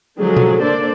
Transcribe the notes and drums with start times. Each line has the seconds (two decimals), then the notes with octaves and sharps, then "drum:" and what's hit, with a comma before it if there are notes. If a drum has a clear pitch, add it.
0.20 D3 F3 F#3 G#3 G#4 A4
0.37 drum: tom B2
0.62 A#3 D4 A4 C5 D5